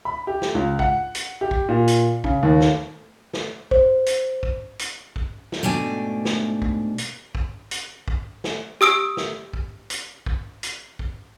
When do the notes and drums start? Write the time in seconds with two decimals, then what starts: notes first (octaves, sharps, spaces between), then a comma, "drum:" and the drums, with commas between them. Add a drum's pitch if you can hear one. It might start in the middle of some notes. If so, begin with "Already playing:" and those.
0.05 B5
0.27 G4
0.42 drum: snare
0.55 C#2
0.79 F#5, drum: kick
1.15 drum: hi-hat
1.41 G4
1.51 drum: kick
1.69 A#2
1.88 drum: hi-hat
2.24 C#3, drum: kick
2.43 D#2
2.61 drum: snare
3.33 drum: snare
3.71 C5, drum: kick
4.06 drum: hi-hat
4.43 drum: kick
4.79 drum: hi-hat
5.16 drum: kick
5.52 drum: snare
5.63 G#2 B2 A3 D4 G5 G#5
6.25 drum: snare
6.62 drum: kick
6.98 drum: hi-hat
7.35 drum: kick
7.71 drum: hi-hat
8.08 drum: kick
8.44 drum: snare
8.81 G4 D#6 E6 D7
9.17 drum: snare
9.53 drum: kick
9.90 drum: hi-hat
10.26 drum: kick
10.63 drum: hi-hat
10.99 drum: kick